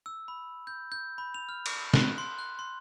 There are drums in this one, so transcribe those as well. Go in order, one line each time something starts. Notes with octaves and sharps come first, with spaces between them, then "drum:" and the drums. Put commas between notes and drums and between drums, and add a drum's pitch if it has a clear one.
E6
B5
G6
G6
B5
F7
F6
drum: cymbal
F#6, drum: snare
C6
F#6
C6